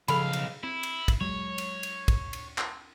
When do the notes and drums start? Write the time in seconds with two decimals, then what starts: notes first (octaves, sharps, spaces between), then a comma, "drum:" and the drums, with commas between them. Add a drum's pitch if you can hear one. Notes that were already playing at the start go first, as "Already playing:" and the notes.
0.08 B1 C#3 F3 G#4 A4 F5 B5, drum: cymbal
0.33 drum: cymbal
0.63 C4 E4
0.83 drum: cymbal
1.08 drum: kick, cymbal
1.21 F#3 G#3 C#5
1.58 drum: cymbal
1.83 drum: cymbal
2.08 drum: kick, cymbal
2.33 drum: cymbal
2.58 drum: clap